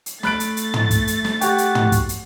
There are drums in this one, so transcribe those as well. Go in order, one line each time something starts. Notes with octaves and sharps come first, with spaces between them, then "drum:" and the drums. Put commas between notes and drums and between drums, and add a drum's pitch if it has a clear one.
drum: hi-hat
A3 B5 F#6 A6 D7, drum: snare
drum: hi-hat
drum: hi-hat
drum: tom
drum: kick, hi-hat
drum: hi-hat
drum: snare
F#4 G4, drum: hi-hat
drum: hi-hat
drum: tom
drum: kick, hi-hat
drum: hi-hat